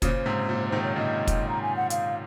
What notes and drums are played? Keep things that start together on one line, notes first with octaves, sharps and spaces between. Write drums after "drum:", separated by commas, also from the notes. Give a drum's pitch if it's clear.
A#2 C#3 C5, drum: kick, hi-hat
G#2 C3
A#2
C3 D#3 C5
C#5
A#2 C#3 D#5
drum: kick, hi-hat
A#5
G#5
F#5
F5, drum: hi-hat